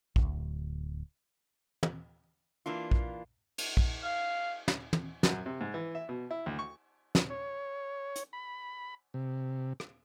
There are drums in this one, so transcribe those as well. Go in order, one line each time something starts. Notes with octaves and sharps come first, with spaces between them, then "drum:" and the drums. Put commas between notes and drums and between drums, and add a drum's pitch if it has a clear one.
D1 D2, drum: kick
drum: tom
E3 A#3 D4 F4
drum: kick
drum: cymbal
drum: kick
F5
drum: snare
drum: tom
F#2, drum: snare
C3
G#2
E3
E5
B2
E4
D2
C#6
drum: snare
C#5
drum: hi-hat
B5
C3
drum: rim click